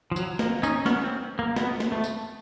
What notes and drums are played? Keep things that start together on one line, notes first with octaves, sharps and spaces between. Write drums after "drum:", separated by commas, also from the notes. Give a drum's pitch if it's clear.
F3
F#3, drum: tambourine
A#3, drum: snare
C#4 D#4, drum: tambourine
B3 C#4, drum: snare
C4
A#3
B3, drum: snare
drum: snare
A3
drum: tambourine